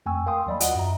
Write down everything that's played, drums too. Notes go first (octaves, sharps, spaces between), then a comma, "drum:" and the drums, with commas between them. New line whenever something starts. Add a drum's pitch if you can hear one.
F2 A3 G5 G#5 C#6 E6
A#4 F5 G5 C6 D#6
D#2 F#3 D5 D#5 B5
F4 F#4 D#5 F#5, drum: hi-hat
F#2 E5 A#5